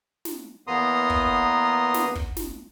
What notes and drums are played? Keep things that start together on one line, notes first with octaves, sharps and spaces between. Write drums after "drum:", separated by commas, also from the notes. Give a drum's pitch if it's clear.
drum: snare
E2 A#3 B3 A#5 C6 D#6
drum: kick
drum: snare
drum: kick
drum: snare